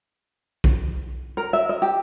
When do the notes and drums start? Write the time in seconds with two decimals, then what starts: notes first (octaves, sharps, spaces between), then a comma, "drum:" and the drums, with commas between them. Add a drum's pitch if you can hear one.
0.64 drum: kick B1
1.37 A#4
1.53 E5
1.69 D#5
1.82 G4